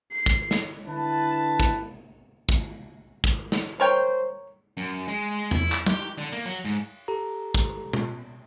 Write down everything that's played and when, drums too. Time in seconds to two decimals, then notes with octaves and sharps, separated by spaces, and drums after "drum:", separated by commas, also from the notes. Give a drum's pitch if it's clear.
0.13 C7
0.26 drum: kick
0.51 drum: snare
0.88 D3 E4 B4 A5
1.60 drum: kick
2.49 drum: kick
3.24 drum: kick
3.52 drum: snare
3.80 A#4 C5 C#5 G5
4.77 F#2
5.08 G#3
5.51 E4, drum: tom E2
5.72 drum: clap
5.86 G4, drum: tom F#3
6.18 D3
6.32 A#3, drum: cymbal
6.46 F#3
6.65 G#2
7.08 G4 A4 A#5
7.55 drum: kick
7.93 drum: tom